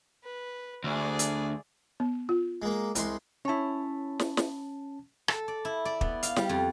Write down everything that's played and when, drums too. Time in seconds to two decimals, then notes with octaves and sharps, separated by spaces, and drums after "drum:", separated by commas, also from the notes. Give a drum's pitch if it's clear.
0.24 B4
0.84 D2 G#4 D5
1.19 drum: hi-hat
2.00 B3
2.29 F4
2.62 G#3 A#3
2.95 C2 G#3 C6, drum: hi-hat
3.45 C#4 E4 C#5 A5
4.19 drum: snare
4.37 drum: snare
5.28 A4, drum: rim click
5.48 D5
5.65 E4
5.85 D5
6.01 B3, drum: kick
6.23 F5, drum: hi-hat
6.36 G3, drum: snare
6.49 F2